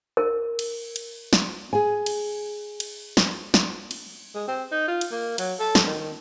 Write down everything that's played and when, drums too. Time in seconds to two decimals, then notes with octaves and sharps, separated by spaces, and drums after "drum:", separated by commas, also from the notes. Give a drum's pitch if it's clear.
0.17 A#4
0.59 drum: cymbal
0.96 drum: cymbal
1.33 drum: snare
1.73 G#4 G#5
2.06 drum: cymbal
2.80 drum: cymbal
3.17 drum: snare
3.54 drum: snare
3.91 drum: cymbal
4.34 G#3
4.48 C4
4.71 D#4
4.88 F4
5.01 drum: cymbal
5.11 A#3
5.38 F#3, drum: cymbal
5.60 A4
5.75 drum: snare
5.86 D#3
6.00 D#3